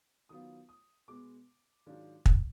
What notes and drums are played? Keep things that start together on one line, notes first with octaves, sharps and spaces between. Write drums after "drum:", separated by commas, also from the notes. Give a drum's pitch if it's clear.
D#3 F#3 B3 F4 D#6
D#6
B2 G#3 B3 D6
G#2 D#3 F#3 D4 F4
drum: kick